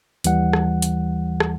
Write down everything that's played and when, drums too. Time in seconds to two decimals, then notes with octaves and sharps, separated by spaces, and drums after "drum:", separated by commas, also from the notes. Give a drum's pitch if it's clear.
0.24 D#2 E3 G3 F#5, drum: hi-hat
0.53 drum: rim click
0.82 drum: hi-hat
1.40 drum: rim click